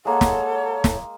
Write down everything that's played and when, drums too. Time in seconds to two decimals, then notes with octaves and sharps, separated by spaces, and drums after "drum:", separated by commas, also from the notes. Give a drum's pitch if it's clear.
0.05 G#3 A#3 A4 C#5 F#5
0.21 drum: snare
0.84 drum: snare